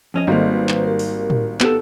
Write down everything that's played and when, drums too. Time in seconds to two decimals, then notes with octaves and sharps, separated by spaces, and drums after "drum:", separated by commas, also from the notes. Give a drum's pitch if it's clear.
0.14 F2 C#4 D#5
0.27 G#1 G3 A#3 A4 C5 D#5
0.52 B4 C5
0.69 drum: clap
0.84 G4 A#4
0.99 drum: open hi-hat
1.30 drum: tom
1.60 B3 G4 A4, drum: clap